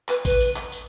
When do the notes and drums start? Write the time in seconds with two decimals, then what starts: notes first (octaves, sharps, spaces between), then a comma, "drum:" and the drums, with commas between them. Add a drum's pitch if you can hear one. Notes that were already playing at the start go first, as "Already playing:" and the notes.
0.09 B4, drum: clap
0.25 B4, drum: kick A1, tambourine
0.40 drum: tambourine
0.56 drum: clap
0.72 drum: tambourine